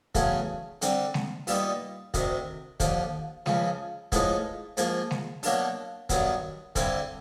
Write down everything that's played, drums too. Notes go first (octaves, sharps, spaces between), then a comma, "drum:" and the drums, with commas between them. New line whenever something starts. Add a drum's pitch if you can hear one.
E2 C#3 F#3 A3, drum: kick, hi-hat
D3 G3 C4, drum: hi-hat
drum: snare G#3
A#2 G3 B3 D#4, drum: open hi-hat
D2 C3 D#3, drum: kick, hi-hat
D#2 D3 F3, drum: kick, hi-hat
C#2 C#3 F3, drum: snare G#3
A2 F3 G#3 B3 D#4, drum: kick, hi-hat
G#2 F3 A#3, drum: hi-hat
drum: snare G#3
B2 F#3 A#3 D4, drum: open hi-hat
G2 D#3 F#3 B3, drum: kick, hi-hat
G2 D3 G3 C4 E4, drum: kick, hi-hat